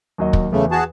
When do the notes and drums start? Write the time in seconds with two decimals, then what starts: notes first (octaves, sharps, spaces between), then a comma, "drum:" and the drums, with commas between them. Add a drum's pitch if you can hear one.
0.18 D#2 F#3 D#5
0.33 drum: kick
0.52 E2 C#3 A3
0.71 F#4 G#4 A5